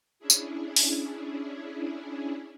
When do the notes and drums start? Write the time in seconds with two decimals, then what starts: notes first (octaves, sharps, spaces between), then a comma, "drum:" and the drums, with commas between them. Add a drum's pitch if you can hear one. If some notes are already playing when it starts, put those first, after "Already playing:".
0.19 C#4 D4 E4 G#4
0.30 drum: tambourine
0.76 drum: open hi-hat